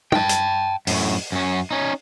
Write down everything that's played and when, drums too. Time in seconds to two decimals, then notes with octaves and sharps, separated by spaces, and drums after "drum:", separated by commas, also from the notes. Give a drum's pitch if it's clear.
0.12 G5 A5, drum: tom
0.29 drum: hi-hat
0.87 F#2 A2, drum: open hi-hat
1.32 F#2 C#4
1.71 C#4 D#4